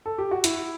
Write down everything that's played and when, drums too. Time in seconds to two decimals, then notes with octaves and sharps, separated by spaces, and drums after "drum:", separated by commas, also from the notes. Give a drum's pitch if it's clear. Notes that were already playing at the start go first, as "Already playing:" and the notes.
0.06 A4
0.18 G4
0.31 F#4
0.44 E4, drum: hi-hat